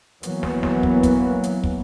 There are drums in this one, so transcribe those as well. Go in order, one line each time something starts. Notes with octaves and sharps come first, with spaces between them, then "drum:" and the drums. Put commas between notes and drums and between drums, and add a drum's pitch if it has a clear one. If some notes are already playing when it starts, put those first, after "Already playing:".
E3 F#3 A#3 B3, drum: hi-hat
drum: snare
drum: snare
drum: kick
drum: kick, hi-hat
drum: hi-hat
drum: kick